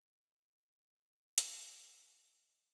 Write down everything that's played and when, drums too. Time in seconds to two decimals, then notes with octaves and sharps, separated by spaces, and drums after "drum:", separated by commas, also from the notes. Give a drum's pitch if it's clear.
0.22 A#3 C#4 D#4 E4
0.93 A#3 C#4
1.38 E4 F#5, drum: hi-hat
1.92 G#4
2.20 D#3 F3 D4 D#4